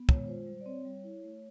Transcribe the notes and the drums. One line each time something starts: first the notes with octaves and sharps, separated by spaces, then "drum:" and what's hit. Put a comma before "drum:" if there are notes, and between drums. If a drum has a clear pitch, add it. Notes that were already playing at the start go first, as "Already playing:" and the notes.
Already playing: B3
G#3 C#5, drum: kick
F4 C5
G3
D5
C4 C#5
G3
E4
A3